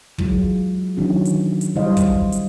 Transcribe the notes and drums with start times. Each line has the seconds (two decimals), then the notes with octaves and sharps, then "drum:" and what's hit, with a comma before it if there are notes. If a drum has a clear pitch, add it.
0.18 E3 F#3 G#3 F4, drum: kick
0.97 D#3 E3 F#3 C#4 D4 F#4
1.25 drum: hi-hat
1.61 drum: hi-hat
1.76 E3 G3 C5 D#5 F5
1.97 drum: kick, hi-hat
2.32 drum: hi-hat